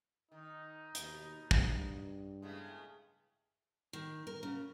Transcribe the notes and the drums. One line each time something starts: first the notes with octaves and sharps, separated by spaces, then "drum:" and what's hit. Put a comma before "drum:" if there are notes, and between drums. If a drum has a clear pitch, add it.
D#3 D#4
D#2 B2, drum: hi-hat
G2, drum: kick
A2 C#3 G#3 B3
D#3
A#4
C#3